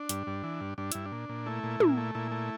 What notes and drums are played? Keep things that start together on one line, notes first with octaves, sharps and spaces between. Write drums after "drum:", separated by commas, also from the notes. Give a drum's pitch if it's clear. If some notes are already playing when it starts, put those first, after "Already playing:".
Already playing: D4
G2, drum: hi-hat
G2
E3
G2
G2 D4
G2 E4, drum: hi-hat
D4
A#2
A#2
A3 E4
A#2
A#2, drum: tom
A3
A#2 E4
A3